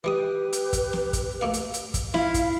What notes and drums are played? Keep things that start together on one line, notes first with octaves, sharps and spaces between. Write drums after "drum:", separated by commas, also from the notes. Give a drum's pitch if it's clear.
E3 G3 G4 B4 D#6
drum: hi-hat
drum: kick, hi-hat
drum: snare
drum: kick, hi-hat
A3 A#3 F5
drum: hi-hat
drum: hi-hat
drum: kick, hi-hat
E4 F4 F5, drum: snare
drum: kick, hi-hat